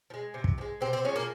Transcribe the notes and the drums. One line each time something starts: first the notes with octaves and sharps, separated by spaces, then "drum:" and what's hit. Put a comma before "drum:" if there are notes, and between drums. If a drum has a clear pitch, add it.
F3
G#3
C3
drum: kick
F3
G#3
C3 C4
C4
F3 G#3 C#4
A#3